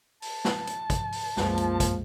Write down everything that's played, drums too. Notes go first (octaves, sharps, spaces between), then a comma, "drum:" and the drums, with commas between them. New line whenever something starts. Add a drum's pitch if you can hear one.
A5, drum: open hi-hat
drum: snare
drum: hi-hat
drum: kick, hi-hat
drum: open hi-hat
C2 F#2 A#2 F3 G#3, drum: snare
drum: hi-hat
drum: kick, hi-hat